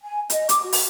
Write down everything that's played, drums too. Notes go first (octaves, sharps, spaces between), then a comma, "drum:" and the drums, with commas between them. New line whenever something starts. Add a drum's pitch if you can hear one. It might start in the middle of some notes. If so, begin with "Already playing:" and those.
G#5
D#5, drum: hi-hat
D6, drum: hi-hat
F#4
drum: open hi-hat